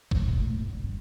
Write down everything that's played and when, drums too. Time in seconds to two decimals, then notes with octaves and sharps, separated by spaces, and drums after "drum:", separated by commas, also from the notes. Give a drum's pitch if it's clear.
0.11 G#1, drum: kick A#1
0.27 A#2
0.40 A3
0.53 G1
0.69 D3
0.84 G2